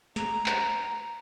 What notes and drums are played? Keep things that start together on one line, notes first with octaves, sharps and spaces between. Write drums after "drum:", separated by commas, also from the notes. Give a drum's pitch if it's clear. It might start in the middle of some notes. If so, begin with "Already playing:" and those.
A#5, drum: snare
drum: clap